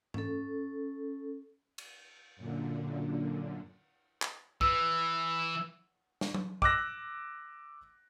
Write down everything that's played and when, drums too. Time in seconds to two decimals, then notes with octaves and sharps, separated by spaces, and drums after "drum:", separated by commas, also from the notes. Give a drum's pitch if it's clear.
0.14 C#4 A4, drum: tom G#2
1.78 drum: cymbal
2.37 F#2 A#2 D3
4.22 drum: clap
4.61 E3 E6, drum: kick
6.21 drum: snare
6.34 drum: tom F#3
6.62 D6 E6 F#6 A#6, drum: kick